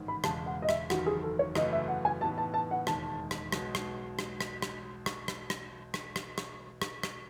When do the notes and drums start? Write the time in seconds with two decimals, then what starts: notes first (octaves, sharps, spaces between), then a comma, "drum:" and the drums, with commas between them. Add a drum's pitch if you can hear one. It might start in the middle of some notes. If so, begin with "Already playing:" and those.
Already playing: A1 G#2 D#3
0.08 B5
0.24 E1 E2 C#3 G#3 A5, drum: rim click
0.46 F#5
0.62 D#5
0.69 E5, drum: rim click
0.90 F#1 E2 D#3 F#3 F#4, drum: rim click
1.06 G#4
1.23 A4
1.39 C#5
1.55 F#2 C#3 E3 A3 D#5, drum: rim click
1.73 E5
1.88 F#5
2.05 G#5
2.21 A2 E3 B3 D#4 A5
2.38 A5
2.54 A5
2.71 F#5
2.87 E1 D#2 D#3 G#3 A5, drum: rim click
3.31 drum: rim click
3.52 B1 B2 G#3, drum: rim click
3.75 drum: rim click
4.19 drum: rim click
4.41 drum: rim click
4.62 drum: rim click
5.06 drum: rim click
5.28 drum: rim click
5.50 drum: rim click
5.94 drum: rim click
6.16 drum: rim click
6.38 drum: rim click
6.82 drum: rim click
7.03 drum: rim click